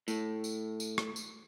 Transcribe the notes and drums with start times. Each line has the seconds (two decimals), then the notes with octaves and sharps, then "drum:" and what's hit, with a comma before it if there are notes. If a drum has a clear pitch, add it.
0.08 A2, drum: tambourine
0.44 drum: tambourine
0.80 drum: tambourine
0.98 drum: rim click
1.16 drum: tambourine